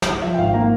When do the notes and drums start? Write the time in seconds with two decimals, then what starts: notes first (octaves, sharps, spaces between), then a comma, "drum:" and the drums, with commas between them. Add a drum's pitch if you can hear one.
0.02 drum: snare
0.22 F3 E5
0.34 G5
0.38 G#1 F5
0.54 A#3 A#5